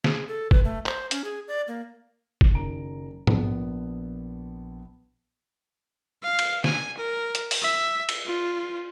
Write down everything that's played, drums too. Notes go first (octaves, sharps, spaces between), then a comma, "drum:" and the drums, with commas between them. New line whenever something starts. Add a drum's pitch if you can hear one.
G#4, drum: snare
A4
B4, drum: kick
A3
C5, drum: clap
C#4, drum: hi-hat
G#4
D5
A#3
drum: kick
F#1 D#3 A#5 D7
A#1 B3 A5, drum: tom G#2
F5
drum: cymbal
G#5, drum: snare
A#4
drum: hi-hat
drum: open hi-hat
E5
drum: cymbal
F4